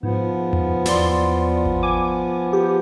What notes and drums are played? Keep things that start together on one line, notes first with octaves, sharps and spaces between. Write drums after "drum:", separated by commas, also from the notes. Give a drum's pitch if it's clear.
G#2 F3 B3
drum: tom E2
E2 D5 C6, drum: snare
drum: kick G#1
G#5 D6
G4